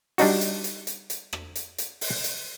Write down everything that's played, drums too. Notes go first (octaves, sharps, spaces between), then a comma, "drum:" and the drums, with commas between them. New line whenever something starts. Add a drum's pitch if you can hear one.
G3 D4 D#4 F#4, drum: open hi-hat
drum: hi-hat
drum: hi-hat
drum: hi-hat
drum: hi-hat
drum: rim click
drum: hi-hat
drum: hi-hat
drum: open hi-hat
drum: hi-hat